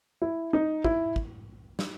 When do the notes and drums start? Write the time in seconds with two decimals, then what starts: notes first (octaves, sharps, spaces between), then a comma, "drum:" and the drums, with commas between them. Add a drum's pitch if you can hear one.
0.22 E4
0.53 D#4
0.84 E4, drum: kick
1.16 drum: kick
1.79 drum: snare